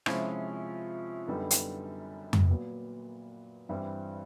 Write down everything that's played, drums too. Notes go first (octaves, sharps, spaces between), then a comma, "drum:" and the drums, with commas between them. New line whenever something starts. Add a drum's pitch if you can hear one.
C3 F3 G#3 C#4 E4, drum: rim click
F#2 D3 G3 B3 D#4
drum: hi-hat
drum: tom F2
A#2 F#3 B3
G2 E3 G3 C4